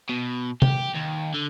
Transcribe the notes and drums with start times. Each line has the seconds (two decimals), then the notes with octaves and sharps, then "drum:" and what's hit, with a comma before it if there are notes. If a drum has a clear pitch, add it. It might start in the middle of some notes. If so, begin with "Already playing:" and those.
0.09 B2
0.62 G4, drum: tom
0.95 D#2
1.34 D3